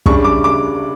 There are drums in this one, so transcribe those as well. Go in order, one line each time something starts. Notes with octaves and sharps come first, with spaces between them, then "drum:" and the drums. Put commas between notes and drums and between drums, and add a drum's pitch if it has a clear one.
C#3 G3 D4 C#6, drum: kick
D6
D6